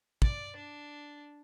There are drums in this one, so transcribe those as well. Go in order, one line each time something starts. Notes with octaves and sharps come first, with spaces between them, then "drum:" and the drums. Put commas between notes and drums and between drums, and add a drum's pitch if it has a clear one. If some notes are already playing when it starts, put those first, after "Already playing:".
D5, drum: kick
D4